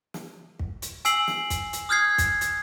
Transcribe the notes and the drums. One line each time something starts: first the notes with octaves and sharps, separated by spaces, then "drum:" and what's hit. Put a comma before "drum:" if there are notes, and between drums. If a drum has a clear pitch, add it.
drum: snare
drum: kick
drum: hi-hat
G#5 E6 C7 F#7, drum: hi-hat
drum: snare
drum: kick, hi-hat
drum: hi-hat
D#6 F6 G6 G#6 C7
drum: kick, hi-hat
drum: hi-hat